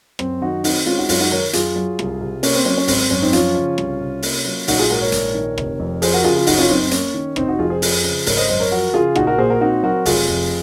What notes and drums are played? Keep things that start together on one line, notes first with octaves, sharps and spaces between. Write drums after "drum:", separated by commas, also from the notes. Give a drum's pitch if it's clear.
F#2 C4, drum: rim click
D#3 D#4 F#4
C4 D#4 F#4, drum: open hi-hat
G#3 C#4 F4
D#4 F#4
F#2 C#4 F4, drum: open hi-hat
D#4 F#4
D#3 A#4 C#5
F#2 F4 G#4, drum: hi-hat
F#3
C2, drum: rim click
C3
A#3 C#4, drum: open hi-hat
C4
F#3 C#4
C#4
G#1 C4, drum: open hi-hat
C4
F#2 C#4
C4 D#4
F3 C#4 F4, drum: hi-hat
C#3
C2, drum: rim click
C3
A#3, drum: open hi-hat
F#3
A#1 D#4 F#4, drum: open hi-hat
F4 G#4
G#2 F#4 A#4
A#4 C#5
A#1, drum: hi-hat
D#3
F1, drum: rim click
F2
F3 G#4 C5, drum: open hi-hat
F#4 A#4
C#3 F4 G#4
F4 G#4
F#1 D#4 F#4, drum: open hi-hat
C#4 F4
F#2 C4 D#4
C4
A#3 C#4, drum: hi-hat
D#3
F1 C4 D#4, drum: rim click
D#4 F#4
F2 F4 G#4
G#4 C5
F3, drum: open hi-hat
C#3
G#1 A#4 C#5, drum: open hi-hat
C5 D#5
F#2 C5 D#5
A#4 C#5
F3 F#4 A#4
C#3 F4 G#4
A#1 D#4 F#4, drum: rim click
F#4 A#4
A#2 G#4 C5
F#4 A#4
C4 D#4 F#4
F#3 F#4 A#4
F1 F4 G#4, drum: open hi-hat
F2